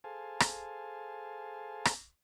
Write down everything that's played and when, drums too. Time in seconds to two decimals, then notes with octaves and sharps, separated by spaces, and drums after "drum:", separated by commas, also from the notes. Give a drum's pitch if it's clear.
0.04 G#4 A4 C5 F5 G#5 A5
0.40 drum: rim click
1.85 drum: rim click